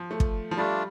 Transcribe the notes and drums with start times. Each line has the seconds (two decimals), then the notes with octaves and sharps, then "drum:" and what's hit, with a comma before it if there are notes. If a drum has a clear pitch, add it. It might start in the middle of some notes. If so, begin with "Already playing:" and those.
Already playing: F3
0.11 A3
0.20 drum: kick
0.51 F3
0.57 G3 A3 D4 F4 D5